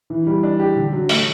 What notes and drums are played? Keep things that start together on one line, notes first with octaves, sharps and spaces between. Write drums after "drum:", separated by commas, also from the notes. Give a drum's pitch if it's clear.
E3
G3
D4
G4
D3
F#3
A3, drum: open hi-hat